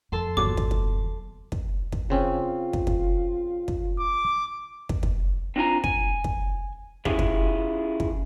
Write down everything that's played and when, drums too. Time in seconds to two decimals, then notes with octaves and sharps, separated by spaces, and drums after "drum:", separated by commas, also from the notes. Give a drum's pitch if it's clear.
0.12 F2 A4 A5 C6
0.37 G1 E2 A#2 D3 F#3 D6
0.57 drum: kick
0.71 drum: kick
1.52 drum: kick
1.92 drum: kick
2.10 C#3 C4 C#4 F4
2.73 drum: kick
2.87 drum: kick
3.68 drum: kick
4.00 D6
4.89 drum: kick
5.03 drum: kick
5.56 C4 D4 F4 G#5 A#5
5.84 G#5, drum: kick
6.24 drum: kick
7.05 C#4 E4 F4 G4 G#4, drum: kick
7.19 drum: kick
8.00 drum: kick